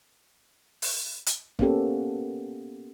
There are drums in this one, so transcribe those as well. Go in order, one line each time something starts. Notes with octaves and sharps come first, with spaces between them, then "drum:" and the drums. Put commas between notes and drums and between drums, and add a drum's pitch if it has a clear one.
drum: open hi-hat
drum: hi-hat
A#3 B3 C#4 G4 A4, drum: kick